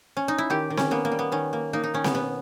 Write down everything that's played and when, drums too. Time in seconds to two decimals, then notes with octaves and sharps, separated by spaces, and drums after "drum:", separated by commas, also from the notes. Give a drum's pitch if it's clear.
0.17 C#4
0.28 D#4
0.38 E4
0.50 D#3 G4
0.70 D#3
0.77 C#4, drum: snare C4
0.91 A#3 B3
1.05 A#3
1.12 G3
1.19 B3
1.32 D#3 C#4
1.53 A#3
1.73 A#3 D#4
1.84 D#4
1.94 D#3 C#4
2.04 B3, drum: snare C4
2.14 B2 B3